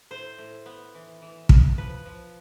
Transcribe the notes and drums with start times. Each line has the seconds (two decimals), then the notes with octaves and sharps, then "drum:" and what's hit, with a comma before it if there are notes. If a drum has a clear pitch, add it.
0.11 A2 C5
0.38 A2
0.66 B3
0.95 E3
1.22 E3
1.49 B3, drum: kick
1.77 F3 B4
2.05 F3